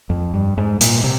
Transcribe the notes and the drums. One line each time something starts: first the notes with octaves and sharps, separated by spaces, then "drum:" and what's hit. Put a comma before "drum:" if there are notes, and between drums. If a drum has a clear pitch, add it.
F2
G2
G#2
A#2, drum: hi-hat
C3